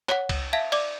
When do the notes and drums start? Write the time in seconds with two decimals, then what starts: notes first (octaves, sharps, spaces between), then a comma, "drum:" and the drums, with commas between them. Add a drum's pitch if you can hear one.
0.09 C#5 F#5, drum: clap
0.29 drum: kick C2, cymbal
0.53 E5 F5 A5 G#6 B6
0.72 D5 D6, drum: cymbal